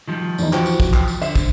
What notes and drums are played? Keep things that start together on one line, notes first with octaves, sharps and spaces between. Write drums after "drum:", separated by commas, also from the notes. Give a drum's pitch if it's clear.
D#3 F3 G3
E2 E3 D#4, drum: tambourine
E3 F3 F#4 G5, drum: clap
drum: tambourine
drum: kick, tambourine
drum: clap
drum: tambourine
D3 C5 E5, drum: tambourine
drum: kick, tambourine